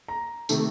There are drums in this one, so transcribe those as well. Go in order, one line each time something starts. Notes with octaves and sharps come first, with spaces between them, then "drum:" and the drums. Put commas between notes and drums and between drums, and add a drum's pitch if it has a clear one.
A#5
C3 D#3 A3, drum: tambourine